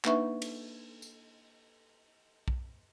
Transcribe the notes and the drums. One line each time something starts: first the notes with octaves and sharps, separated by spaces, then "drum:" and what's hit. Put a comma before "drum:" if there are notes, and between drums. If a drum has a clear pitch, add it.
A#3 D4 D#4 B4 E5 C#6, drum: clap
drum: cymbal
drum: tambourine
drum: kick B1